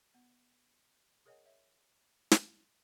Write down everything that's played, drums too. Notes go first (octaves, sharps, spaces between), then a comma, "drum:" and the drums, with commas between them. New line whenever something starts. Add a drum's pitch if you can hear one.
B3
G#4 A#4 C#5 D#5 F#5 G#5
C#5 E5
drum: snare